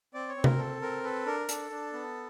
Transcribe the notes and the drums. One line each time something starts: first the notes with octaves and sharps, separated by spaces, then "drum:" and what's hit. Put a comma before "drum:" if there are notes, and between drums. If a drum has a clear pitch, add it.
C4 D5
C#5
C4
A#4, drum: tom C3
A4
C4 A#4
A4 B4
D4 A#4
D4 A4, drum: hi-hat
D4
B3